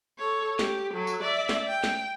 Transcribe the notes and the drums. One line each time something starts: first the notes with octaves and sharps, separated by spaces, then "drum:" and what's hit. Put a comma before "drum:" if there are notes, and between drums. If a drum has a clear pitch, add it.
A4 C#5
G4, drum: snare
F#3 A4
drum: tambourine
D5 E5
drum: snare
G5
drum: snare